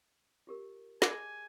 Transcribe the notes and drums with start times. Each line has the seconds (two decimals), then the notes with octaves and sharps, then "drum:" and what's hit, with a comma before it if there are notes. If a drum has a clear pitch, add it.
0.47 F4 G4 A#4
1.02 G#4 D#5 G#5 A5, drum: snare